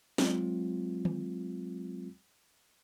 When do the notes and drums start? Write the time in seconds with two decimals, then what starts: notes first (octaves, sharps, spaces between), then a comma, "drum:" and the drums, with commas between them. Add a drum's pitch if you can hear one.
0.18 F#3 G#3 C4 F4, drum: snare
1.05 drum: tom D#3